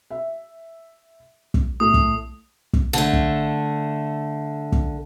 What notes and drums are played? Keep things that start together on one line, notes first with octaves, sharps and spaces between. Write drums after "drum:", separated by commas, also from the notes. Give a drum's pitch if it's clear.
E5
drum: kick
A2 A3 A4 D#6
drum: kick
drum: kick
D3 A3
drum: kick
drum: kick